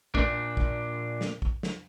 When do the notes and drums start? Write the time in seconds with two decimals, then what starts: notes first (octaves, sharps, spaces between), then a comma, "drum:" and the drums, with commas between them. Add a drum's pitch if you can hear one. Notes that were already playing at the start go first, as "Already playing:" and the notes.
0.15 A#2 D4, drum: kick
0.57 drum: kick
1.21 drum: snare
1.42 drum: kick
1.63 drum: snare